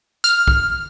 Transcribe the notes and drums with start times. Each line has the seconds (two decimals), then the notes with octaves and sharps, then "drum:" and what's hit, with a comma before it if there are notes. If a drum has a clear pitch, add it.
0.24 F6, drum: tambourine
0.48 drum: kick B1